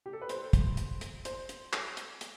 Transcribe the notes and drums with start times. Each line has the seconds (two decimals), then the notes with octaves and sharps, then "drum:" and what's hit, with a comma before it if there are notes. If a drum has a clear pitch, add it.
0.06 G4
0.13 A4
0.22 B4
0.29 C5, drum: hi-hat
0.53 drum: kick, hi-hat
0.77 drum: hi-hat
1.01 drum: hi-hat
1.25 C5, drum: hi-hat
1.49 drum: hi-hat
1.73 drum: clap
1.97 drum: hi-hat
2.21 drum: hi-hat